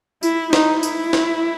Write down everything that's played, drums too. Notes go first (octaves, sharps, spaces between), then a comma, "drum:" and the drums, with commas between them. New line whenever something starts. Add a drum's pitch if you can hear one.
E4, drum: tambourine
D#4, drum: snare E4
E4, drum: tambourine
drum: snare E4